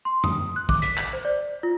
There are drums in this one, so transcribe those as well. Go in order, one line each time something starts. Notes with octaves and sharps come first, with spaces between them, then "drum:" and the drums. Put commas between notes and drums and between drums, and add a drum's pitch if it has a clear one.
C6
D#6, drum: tom F#2
F#6
D6, drum: kick
B6, drum: hi-hat
drum: clap
C5
D5
F4